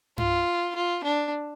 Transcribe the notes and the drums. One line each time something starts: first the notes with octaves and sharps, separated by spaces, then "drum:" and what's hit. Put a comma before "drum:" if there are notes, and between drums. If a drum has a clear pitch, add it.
F4, drum: tom G2
F4
D4